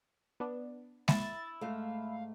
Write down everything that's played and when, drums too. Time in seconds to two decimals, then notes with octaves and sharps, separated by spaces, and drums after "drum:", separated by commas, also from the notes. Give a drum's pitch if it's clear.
0.40 B3 D4
1.08 E4 A6, drum: snare G#3
1.61 G#2 A3 F5